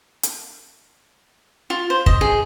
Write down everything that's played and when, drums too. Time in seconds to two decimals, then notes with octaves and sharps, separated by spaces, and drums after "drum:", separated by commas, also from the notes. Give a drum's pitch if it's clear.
0.23 drum: hi-hat
1.70 F4
1.90 C5
2.06 D#5, drum: kick
2.21 G#4